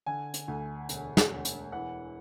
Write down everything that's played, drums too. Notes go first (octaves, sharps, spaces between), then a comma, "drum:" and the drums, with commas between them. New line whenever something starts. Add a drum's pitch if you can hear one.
D3 G#5
drum: hi-hat
D2
E1, drum: hi-hat
drum: snare
E1
drum: hi-hat
E3 F#5